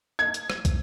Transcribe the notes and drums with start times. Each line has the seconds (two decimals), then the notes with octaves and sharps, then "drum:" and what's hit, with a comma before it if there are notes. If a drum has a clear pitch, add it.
0.19 G#6
0.34 drum: hi-hat
0.50 drum: rim click
0.65 drum: kick, hi-hat